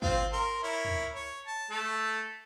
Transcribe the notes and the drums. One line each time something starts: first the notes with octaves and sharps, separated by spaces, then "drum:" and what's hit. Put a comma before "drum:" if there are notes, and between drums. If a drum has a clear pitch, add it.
C4 F4, drum: kick
A#4 C6
E4 A#4 C#5
drum: tom
C#5
A5
A3 A4